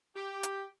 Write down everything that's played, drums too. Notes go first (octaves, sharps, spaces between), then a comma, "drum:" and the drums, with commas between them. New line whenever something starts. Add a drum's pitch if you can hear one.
G4
drum: hi-hat